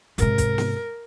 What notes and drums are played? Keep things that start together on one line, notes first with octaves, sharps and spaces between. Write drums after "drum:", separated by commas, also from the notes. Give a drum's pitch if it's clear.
G#2 C3 A#4, drum: hi-hat
drum: kick, hi-hat
drum: snare